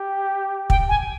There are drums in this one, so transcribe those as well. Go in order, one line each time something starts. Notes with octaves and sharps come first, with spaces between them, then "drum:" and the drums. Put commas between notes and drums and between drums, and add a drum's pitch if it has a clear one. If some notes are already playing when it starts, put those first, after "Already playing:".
Already playing: G4
G5, drum: kick
G#5